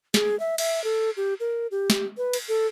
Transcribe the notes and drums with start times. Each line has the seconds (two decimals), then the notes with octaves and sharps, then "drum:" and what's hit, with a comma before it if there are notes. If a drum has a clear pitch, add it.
0.14 G#4, drum: snare
0.40 E5
0.58 E5, drum: cymbal
0.84 A4
1.17 G4
1.40 A#4
1.71 G4
1.90 drum: snare
2.17 B4
2.33 drum: cymbal
2.49 A4